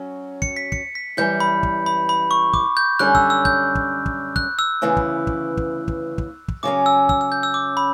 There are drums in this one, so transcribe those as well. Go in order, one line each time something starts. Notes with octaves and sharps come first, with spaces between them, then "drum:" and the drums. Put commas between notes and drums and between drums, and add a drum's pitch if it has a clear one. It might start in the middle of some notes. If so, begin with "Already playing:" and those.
Already playing: F#3 C#4 F#4
C#7, drum: kick
B6
C#7, drum: kick
B6
F#2 E3 G3 G6
B5
drum: kick
B5
B5
C#6
D6, drum: kick
G6
F#2 D3 G3 C#4 F#6
E6, drum: kick
E6
G6, drum: kick
drum: kick
drum: kick
F#6, drum: kick
E6
D2 C#3 E3 B3
drum: kick
drum: kick
drum: kick
drum: kick
drum: kick
drum: kick
C#3 F#3 C#4 D6
E6
E6, drum: kick
E6
G6
E6
D6
B5